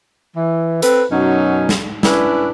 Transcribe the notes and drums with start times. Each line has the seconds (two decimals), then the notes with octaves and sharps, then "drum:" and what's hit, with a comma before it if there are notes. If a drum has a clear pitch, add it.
0.36 E3
0.82 C4 A4 B4, drum: hi-hat
1.11 F#2 B2 F#3 C#4 D#4
1.69 drum: snare
2.03 C#4 D4 E4 B4, drum: snare